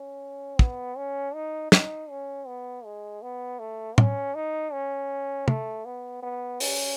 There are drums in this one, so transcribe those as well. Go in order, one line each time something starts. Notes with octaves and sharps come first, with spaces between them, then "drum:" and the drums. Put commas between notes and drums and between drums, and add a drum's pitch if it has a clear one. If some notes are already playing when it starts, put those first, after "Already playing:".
Already playing: C#4
B3, drum: kick
C#4
D#4
D#4, drum: snare
C#4
B3
G#3
B3
A3
C#4, drum: tom
D#4
C#4
A3, drum: tom
B3
B3
C#4, drum: open hi-hat